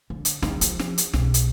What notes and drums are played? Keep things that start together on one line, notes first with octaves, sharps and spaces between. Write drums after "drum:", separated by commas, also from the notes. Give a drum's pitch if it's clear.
D3
drum: hi-hat
D#3, drum: snare
F3, drum: hi-hat
drum: snare
drum: hi-hat
B1, drum: snare
drum: hi-hat